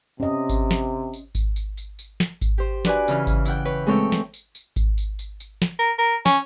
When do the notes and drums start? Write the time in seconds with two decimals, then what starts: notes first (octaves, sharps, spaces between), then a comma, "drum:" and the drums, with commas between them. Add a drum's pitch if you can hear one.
0.20 C3 C#4 D#5
0.49 drum: kick G#1, tambourine
0.71 drum: snare
1.13 drum: tambourine
1.35 drum: kick G#1, tambourine
1.56 drum: tambourine
1.77 drum: tambourine
1.99 drum: tambourine
2.20 drum: snare
2.41 drum: kick G#1, tambourine
2.58 G4 C5
2.85 D4 F#4 B4 D5 G#5, drum: snare
3.08 C#3 E3 F6, drum: tambourine
3.27 drum: kick G#1, tambourine
3.45 E4 F#5 G5, drum: tambourine
3.65 B4 C#5
3.87 G#3 A3 C4 A4 C#5 G5
4.12 drum: snare
4.34 drum: tambourine
4.55 drum: tambourine
4.76 drum: kick G#1, tambourine
4.98 drum: tambourine
5.19 drum: tambourine
5.40 drum: tambourine
5.62 drum: snare
5.79 A#4
5.98 A#4
6.26 C#4, drum: snare